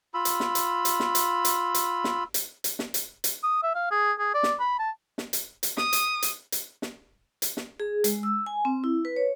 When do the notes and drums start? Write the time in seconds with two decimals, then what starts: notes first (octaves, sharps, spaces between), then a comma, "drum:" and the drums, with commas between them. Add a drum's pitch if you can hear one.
0.14 F4 B5 E6
0.25 drum: hi-hat
0.40 drum: snare
0.55 drum: hi-hat
0.85 drum: hi-hat
1.00 drum: snare
1.15 drum: hi-hat
1.45 drum: hi-hat
1.74 drum: hi-hat
2.04 drum: snare
2.34 drum: hi-hat
2.64 drum: hi-hat
2.79 drum: snare
2.94 drum: hi-hat
3.24 drum: hi-hat
3.43 D#6
3.63 E5
3.75 F5
3.91 G#4
4.19 G#4
4.34 D5
4.43 drum: snare
4.60 B5
4.79 A5
5.18 drum: snare
5.33 drum: hi-hat
5.63 drum: hi-hat
5.77 D#6, drum: snare
5.93 drum: hi-hat
6.22 drum: hi-hat
6.52 drum: hi-hat
6.82 drum: snare
7.42 drum: hi-hat
7.57 drum: snare
7.80 G#4
8.04 G#3, drum: hi-hat
8.23 E6
8.46 G#5
8.65 C4
8.84 E4
9.05 B4
9.16 C#5